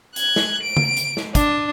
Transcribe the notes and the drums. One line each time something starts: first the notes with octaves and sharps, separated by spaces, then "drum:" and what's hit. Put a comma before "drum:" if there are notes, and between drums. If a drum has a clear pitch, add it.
F#6 G#6, drum: hi-hat
drum: snare
D7
drum: tom C#3
drum: hi-hat
drum: snare
D4, drum: kick, hi-hat